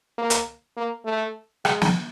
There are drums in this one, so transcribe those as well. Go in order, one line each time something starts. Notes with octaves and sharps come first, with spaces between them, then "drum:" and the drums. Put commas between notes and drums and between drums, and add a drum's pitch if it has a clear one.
A#3
drum: hi-hat
A#3
A3
G#3, drum: rim click
drum: snare